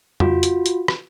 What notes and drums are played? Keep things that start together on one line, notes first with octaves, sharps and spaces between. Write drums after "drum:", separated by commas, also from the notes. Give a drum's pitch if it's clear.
F4 F#4, drum: tom F2
drum: hi-hat
drum: hi-hat
drum: rim click